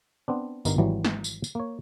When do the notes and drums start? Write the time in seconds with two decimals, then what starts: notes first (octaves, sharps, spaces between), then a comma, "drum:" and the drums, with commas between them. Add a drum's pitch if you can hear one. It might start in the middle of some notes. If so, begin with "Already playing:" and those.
0.28 B3 C4 D4
0.65 G1 G2 D#4 A#4, drum: tambourine
0.78 G#1 E3 F#3 G3
1.05 drum: snare
1.24 drum: tambourine
1.44 drum: tambourine
1.55 A#3 C#5